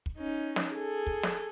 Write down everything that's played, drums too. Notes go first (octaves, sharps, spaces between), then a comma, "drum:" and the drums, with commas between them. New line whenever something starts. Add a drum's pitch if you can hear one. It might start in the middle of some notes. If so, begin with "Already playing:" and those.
drum: kick
C#4 D#4
drum: snare
G#4 A4
drum: kick
drum: snare